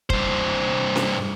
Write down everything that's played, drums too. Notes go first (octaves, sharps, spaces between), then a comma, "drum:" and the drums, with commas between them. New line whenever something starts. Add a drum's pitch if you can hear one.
G2 C5, drum: kick
drum: snare C#4